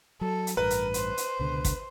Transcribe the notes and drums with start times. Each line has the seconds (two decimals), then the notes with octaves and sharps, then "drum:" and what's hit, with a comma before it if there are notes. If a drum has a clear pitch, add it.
0.21 F#3 A4
0.47 drum: hi-hat
0.57 A1 G2 A#4 B4
0.70 drum: hi-hat
0.94 C5, drum: hi-hat
1.17 drum: hi-hat
1.39 C#2 B2 D3
1.65 drum: kick, hi-hat